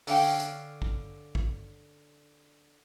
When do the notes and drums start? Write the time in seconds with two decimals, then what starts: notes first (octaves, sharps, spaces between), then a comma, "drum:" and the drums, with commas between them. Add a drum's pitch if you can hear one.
0.07 D3 C#4 F5 G5, drum: open hi-hat
0.40 drum: hi-hat
0.82 drum: kick
1.35 drum: kick